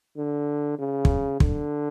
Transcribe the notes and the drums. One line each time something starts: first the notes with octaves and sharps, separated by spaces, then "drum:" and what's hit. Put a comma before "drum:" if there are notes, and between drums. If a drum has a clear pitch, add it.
D3
C#3
drum: kick
D3, drum: kick